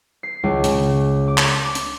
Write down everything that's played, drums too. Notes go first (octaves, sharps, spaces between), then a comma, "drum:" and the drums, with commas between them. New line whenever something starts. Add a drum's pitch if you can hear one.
C7
C#2
C#3, drum: hi-hat
D6
drum: clap
D6
drum: hi-hat